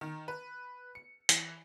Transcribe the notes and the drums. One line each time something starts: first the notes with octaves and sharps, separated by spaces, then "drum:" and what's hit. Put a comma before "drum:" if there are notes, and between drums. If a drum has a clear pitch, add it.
D#3
B4
C#7
E3, drum: hi-hat